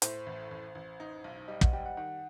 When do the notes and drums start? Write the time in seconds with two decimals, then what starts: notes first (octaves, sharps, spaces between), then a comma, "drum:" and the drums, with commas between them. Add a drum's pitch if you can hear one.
0.02 A2 C5, drum: hi-hat
0.26 A1
0.51 A1
0.75 A1
1.00 D#4
1.24 B1
1.48 G3 D#5
1.61 F#5, drum: kick
1.73 G3 G5
1.86 F#5
1.97 D#3 F#5